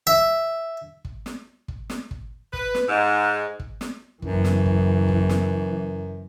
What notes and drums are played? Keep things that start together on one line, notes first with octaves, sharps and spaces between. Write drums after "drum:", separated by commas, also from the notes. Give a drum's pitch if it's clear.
E5
drum: kick
drum: snare
drum: kick
drum: snare
drum: kick
B4, drum: kick
drum: snare
G#2
drum: kick
drum: snare
F#1 F#2 E3, drum: kick
drum: snare
drum: kick
drum: kick
drum: snare